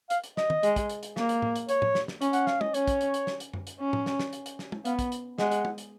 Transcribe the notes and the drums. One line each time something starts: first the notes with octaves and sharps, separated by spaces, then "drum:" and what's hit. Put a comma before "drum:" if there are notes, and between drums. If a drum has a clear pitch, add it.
F5, drum: hi-hat
drum: hi-hat
D#5, drum: snare
drum: tom
G#3, drum: hi-hat
drum: kick, hi-hat
drum: hi-hat
drum: hi-hat
A#3, drum: snare
drum: hi-hat
drum: tom A2
drum: hi-hat
C#5, drum: hi-hat
drum: tom A2
drum: snare
drum: snare
C#4, drum: hi-hat
F#5, drum: hi-hat
F5, drum: snare
D#5, drum: tom
C#4 C#5, drum: hi-hat
drum: kick, hi-hat
drum: hi-hat
drum: hi-hat
drum: snare
drum: hi-hat
drum: tom F#2
drum: hi-hat
C#4
drum: tom A2
drum: snare
drum: snare
drum: hi-hat
drum: hi-hat
drum: snare
drum: tom
B3 F5, drum: hi-hat
drum: kick, hi-hat
drum: hi-hat
G#3 F#5, drum: snare
drum: hi-hat
drum: tom
drum: hi-hat